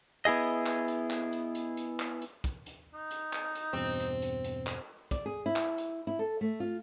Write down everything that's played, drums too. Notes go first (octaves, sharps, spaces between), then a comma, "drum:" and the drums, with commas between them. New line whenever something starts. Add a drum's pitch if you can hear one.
B3 E4 G#4 D#5
drum: clap
drum: hi-hat
drum: clap
drum: hi-hat
drum: hi-hat
drum: hi-hat
drum: clap
drum: hi-hat
drum: kick, hi-hat
drum: hi-hat
D#4
drum: hi-hat
drum: clap
drum: hi-hat
E2 G2 B2 C4
drum: hi-hat
drum: hi-hat
drum: hi-hat
drum: clap
D5, drum: kick, hi-hat
G#4
E4
drum: clap
drum: hi-hat
E4
A4
A3
F4